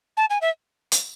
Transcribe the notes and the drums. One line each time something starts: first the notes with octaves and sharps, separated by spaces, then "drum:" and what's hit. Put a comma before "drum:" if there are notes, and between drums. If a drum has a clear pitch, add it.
A5
G#5
E5
drum: hi-hat